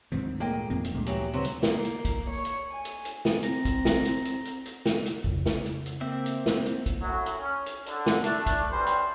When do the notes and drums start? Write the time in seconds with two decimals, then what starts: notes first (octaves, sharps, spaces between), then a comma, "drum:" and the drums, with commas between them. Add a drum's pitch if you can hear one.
0.12 D2 G#2 D#3 E3 C4
0.40 A#2 A3 A#3 G#4 D#5 G5
0.70 F2 F3 C4
0.84 drum: hi-hat
0.95 D2 A#2 F3 G#3 A3 D4
1.06 E3 F#3 B3 G4 G5, drum: hi-hat
1.33 A2 C#3 F#3 G3 B3 C4
1.45 drum: hi-hat
1.63 A#3, drum: snare
1.85 drum: hi-hat
2.05 drum: kick, hi-hat
2.30 C#5
2.45 drum: hi-hat
2.71 G#5
2.85 drum: hi-hat
3.05 drum: hi-hat
3.25 drum: snare
3.43 C4 A#5, drum: hi-hat
3.65 drum: kick, hi-hat
3.85 drum: snare
4.05 drum: hi-hat
4.25 drum: hi-hat
4.45 drum: hi-hat
4.65 drum: hi-hat
4.86 drum: snare
5.06 drum: hi-hat
5.24 F2 C#3, drum: kick
5.46 drum: snare
5.56 C#3
5.66 drum: hi-hat
5.86 drum: hi-hat
6.01 A#3 C4 E5
6.26 drum: hi-hat
6.46 drum: snare
6.66 drum: hi-hat
6.86 drum: kick, hi-hat
7.01 F#2 A2 F#3
7.26 drum: hi-hat
7.39 C#4
7.66 drum: hi-hat
7.86 D3, drum: hi-hat
8.06 drum: snare
8.24 A3 D4, drum: hi-hat
8.46 drum: kick, hi-hat
8.71 D2 G2 G3 C#4 B4 C5
8.87 drum: hi-hat